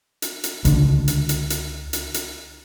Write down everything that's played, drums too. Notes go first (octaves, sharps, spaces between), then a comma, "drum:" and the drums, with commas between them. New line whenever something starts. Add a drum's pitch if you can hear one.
drum: hi-hat
drum: hi-hat
C#2 D3, drum: hi-hat
drum: hi-hat
drum: hi-hat
drum: hi-hat
drum: hi-hat
drum: hi-hat